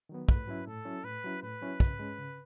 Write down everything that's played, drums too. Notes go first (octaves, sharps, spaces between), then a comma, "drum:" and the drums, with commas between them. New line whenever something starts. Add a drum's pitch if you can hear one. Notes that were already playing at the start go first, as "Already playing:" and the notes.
D#3 F#3 B3
A2 B4, drum: kick
F#3 C#4 E4
A2 A4
F#3 C#4 E4
A2 B4
F#3 C#4 E4
A2 B4
F#3 C#4 E4
C#3, drum: kick
G#3 C#4
C#3